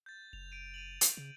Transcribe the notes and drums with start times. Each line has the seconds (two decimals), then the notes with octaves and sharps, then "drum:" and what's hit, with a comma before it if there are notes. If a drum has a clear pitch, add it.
0.06 G6 A6
0.33 F#1 F7
0.51 D7 D#7 F7
0.74 D#7 F7 F#7
1.01 drum: hi-hat
1.17 C#3